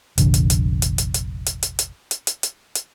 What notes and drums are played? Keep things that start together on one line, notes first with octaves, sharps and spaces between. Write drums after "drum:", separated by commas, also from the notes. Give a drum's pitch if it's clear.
F1 A#1 D3, drum: hi-hat
drum: hi-hat
drum: hi-hat
drum: hi-hat
drum: hi-hat
drum: hi-hat
drum: hi-hat
drum: hi-hat
drum: hi-hat
drum: hi-hat
drum: hi-hat
drum: hi-hat
drum: hi-hat